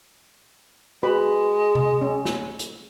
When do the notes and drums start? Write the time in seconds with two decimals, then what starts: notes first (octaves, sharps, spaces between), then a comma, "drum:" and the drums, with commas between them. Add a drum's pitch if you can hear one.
1.03 G#3 F#4 B4 B5
1.75 drum: tom C3
2.01 C#4
2.25 drum: snare
2.59 drum: hi-hat